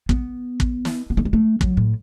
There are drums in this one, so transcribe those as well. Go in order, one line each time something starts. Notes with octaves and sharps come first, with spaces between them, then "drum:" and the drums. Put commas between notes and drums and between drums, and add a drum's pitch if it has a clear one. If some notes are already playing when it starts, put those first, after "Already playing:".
B3, drum: kick
drum: kick
drum: snare
B3
A3
G#3
A3
F#3, drum: kick
A2